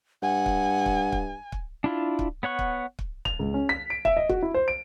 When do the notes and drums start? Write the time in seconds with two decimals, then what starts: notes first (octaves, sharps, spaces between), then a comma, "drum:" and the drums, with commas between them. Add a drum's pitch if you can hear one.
0.22 G2 F#5 G#5
0.46 drum: kick
0.86 drum: kick
1.12 drum: kick
1.52 drum: kick
1.84 D4 E4 F4
2.19 drum: kick
2.43 B3 C#5 F#5 C#6
2.59 drum: kick
2.99 drum: kick
3.25 F7, drum: kick
3.39 C#2
3.54 C#4
3.69 B6
3.90 D7
4.05 E5, drum: kick
4.17 D#5
4.29 F#4, drum: kick
4.43 E4
4.54 C5
4.68 D7